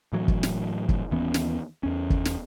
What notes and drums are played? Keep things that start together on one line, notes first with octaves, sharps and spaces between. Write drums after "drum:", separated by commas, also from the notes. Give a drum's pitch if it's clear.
A2 E3 F#3
drum: kick
drum: snare
drum: kick
D#2 E3 B3 C#4
drum: snare
E2 C#4
drum: kick
drum: snare